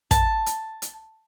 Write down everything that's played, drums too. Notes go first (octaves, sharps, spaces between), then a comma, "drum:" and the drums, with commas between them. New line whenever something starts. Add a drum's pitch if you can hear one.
A5, drum: kick, hi-hat
drum: hi-hat
drum: hi-hat